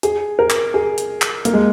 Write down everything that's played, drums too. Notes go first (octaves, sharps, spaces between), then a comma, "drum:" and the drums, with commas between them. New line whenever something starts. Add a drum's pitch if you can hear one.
G#4, drum: hi-hat
A#4
drum: clap
G#4
drum: hi-hat
drum: clap
A#3, drum: hi-hat
G#3